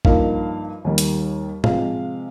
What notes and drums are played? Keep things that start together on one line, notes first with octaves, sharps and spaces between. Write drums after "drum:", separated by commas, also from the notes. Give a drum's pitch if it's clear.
G2 F3 A#3 D#4 F5, drum: kick B1
D#2 D#3 G3
drum: hi-hat
C3 F3 G#3 F5, drum: tom A2